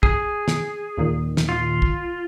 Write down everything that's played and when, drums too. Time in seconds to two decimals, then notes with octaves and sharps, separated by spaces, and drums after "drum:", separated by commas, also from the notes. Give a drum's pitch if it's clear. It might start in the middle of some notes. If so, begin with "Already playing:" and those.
0.03 G#4, drum: kick
0.48 drum: snare
0.98 D#2 A#2 D#3
1.37 drum: snare
1.49 F4
1.82 drum: kick